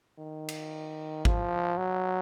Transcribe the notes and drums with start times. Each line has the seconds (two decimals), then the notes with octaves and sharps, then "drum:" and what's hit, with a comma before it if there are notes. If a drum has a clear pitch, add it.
0.19 D#3
0.48 drum: cymbal
1.25 F3, drum: kick G#1
1.77 F#3